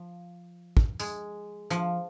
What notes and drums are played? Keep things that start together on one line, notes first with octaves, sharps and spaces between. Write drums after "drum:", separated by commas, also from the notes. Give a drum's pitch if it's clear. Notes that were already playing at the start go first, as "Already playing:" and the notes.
Already playing: F3
drum: kick
G#3, drum: tambourine
F3, drum: hi-hat